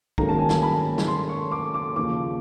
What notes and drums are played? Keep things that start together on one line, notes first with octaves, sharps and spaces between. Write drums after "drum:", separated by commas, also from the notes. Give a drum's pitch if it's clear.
G#2 D#3 F#3 A#3 C#4 A#5, drum: kick
A5
G#5
A5, drum: snare
B5
drum: snare
C6
C#6
D6
D6
D#2 C#3 F3 D6